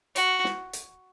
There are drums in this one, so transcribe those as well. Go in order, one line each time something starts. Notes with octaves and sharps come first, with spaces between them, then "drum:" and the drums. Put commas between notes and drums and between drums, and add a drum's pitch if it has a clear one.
F#4, drum: hi-hat
drum: snare
drum: hi-hat